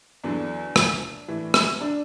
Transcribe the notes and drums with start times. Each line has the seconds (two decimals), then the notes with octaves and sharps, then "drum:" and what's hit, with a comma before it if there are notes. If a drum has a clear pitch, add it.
0.24 E2 D3 F#3 D4
0.76 drum: rim click
1.28 A2 E3
1.54 drum: rim click
1.81 D4